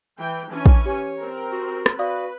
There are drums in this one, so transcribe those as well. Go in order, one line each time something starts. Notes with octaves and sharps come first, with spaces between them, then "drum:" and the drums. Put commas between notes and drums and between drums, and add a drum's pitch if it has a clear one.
E3 G5
E3 C#4 D4 G#5
drum: kick
G4 C#5
C4 A#4
F#4
drum: rim click
F#4 B4 D5 F5 D#6